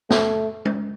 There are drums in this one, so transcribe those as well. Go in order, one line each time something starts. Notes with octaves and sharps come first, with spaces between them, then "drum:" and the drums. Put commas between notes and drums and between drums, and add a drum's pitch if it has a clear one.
A3, drum: snare
drum: tom G#3